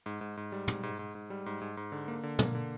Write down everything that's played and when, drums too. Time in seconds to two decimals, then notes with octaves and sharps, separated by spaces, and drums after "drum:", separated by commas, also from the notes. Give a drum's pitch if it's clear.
0.06 G#2
0.21 G#2
0.37 G#2
0.52 G3
0.68 G#2, drum: tom
0.83 G#2
0.99 G#2
1.15 G#2
1.30 G3
1.46 G#2
1.62 G#2
1.77 G#2
1.92 D3
2.08 A#3
2.23 D3
2.39 A#3, drum: tom
2.55 D3